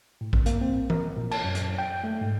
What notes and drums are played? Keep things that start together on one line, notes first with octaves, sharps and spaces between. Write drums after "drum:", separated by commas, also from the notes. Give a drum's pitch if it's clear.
A2
A#1, drum: kick A#1
A#3, drum: hi-hat
C4
A#4, drum: tom E3
A#2
A5, drum: cymbal
F#2
drum: hi-hat
G5
A3
G#2